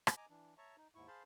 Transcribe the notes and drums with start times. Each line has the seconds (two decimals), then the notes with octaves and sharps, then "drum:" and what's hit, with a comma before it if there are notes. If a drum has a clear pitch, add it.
0.07 drum: rim click
0.17 D#5 G#5 A#5 D6
0.30 E3 D4
0.58 C#5 E5 A5 A#5 C#6
0.77 D#4
0.95 D#2 G#2 E4 C#6
1.07 G#4 C5 F5 A5 B5 C6